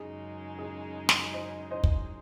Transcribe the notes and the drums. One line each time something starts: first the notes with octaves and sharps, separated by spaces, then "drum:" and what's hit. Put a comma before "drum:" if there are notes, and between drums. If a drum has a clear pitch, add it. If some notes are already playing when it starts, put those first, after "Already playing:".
Already playing: F#2 C#3 G#3 D#4 G#4
G#4
drum: snare
C5 D#5
C5 D#5
drum: kick